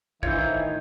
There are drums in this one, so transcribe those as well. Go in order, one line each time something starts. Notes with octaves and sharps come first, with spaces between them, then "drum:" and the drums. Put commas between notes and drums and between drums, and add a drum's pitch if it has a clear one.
A2 D#3 E3 D#4 F4 C5 C#5 E5, drum: kick